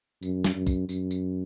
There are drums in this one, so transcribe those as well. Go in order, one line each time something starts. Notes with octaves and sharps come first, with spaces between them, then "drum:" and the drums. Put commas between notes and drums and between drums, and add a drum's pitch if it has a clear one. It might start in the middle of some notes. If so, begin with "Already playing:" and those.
F#2, drum: tambourine
drum: snare
F#2
drum: kick, tambourine
F#2, drum: tambourine
drum: tambourine